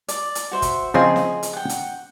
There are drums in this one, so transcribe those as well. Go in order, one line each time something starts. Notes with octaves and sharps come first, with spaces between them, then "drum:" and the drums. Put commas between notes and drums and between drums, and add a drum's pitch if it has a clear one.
D5, drum: hi-hat
drum: hi-hat
F#4 C5 E5
drum: kick, hi-hat
C#3 F3 C4 G#4 D#5 C6
drum: snare
drum: hi-hat
F#5 G5
drum: hi-hat